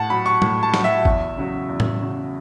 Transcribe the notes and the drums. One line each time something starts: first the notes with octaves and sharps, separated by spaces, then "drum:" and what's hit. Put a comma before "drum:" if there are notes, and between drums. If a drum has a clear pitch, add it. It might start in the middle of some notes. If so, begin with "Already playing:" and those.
Already playing: A2 F#5 A5
F#3 B5
C#6
A2, drum: tom
A5
F#3, drum: snare
E5
E2, drum: kick G#1
C#3 F#3
E2
drum: tom A2
C#3 F#3